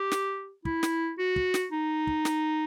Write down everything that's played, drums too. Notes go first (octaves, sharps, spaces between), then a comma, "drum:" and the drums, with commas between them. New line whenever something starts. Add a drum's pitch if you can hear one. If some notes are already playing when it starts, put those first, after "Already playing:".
Already playing: G4
drum: snare
E4, drum: kick
drum: snare
F#4
drum: kick
drum: snare
D#4
drum: kick
drum: snare